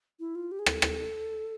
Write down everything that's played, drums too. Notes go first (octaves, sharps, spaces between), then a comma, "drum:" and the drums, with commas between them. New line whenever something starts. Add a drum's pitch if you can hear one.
E4
F4
G4
G#4
A4, drum: rim click
drum: rim click